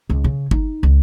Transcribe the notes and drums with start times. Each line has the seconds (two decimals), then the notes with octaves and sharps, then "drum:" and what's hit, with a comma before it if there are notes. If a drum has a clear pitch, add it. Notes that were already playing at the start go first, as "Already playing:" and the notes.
0.10 C#2
0.24 C#3
0.51 D#4, drum: kick G1
0.83 C#2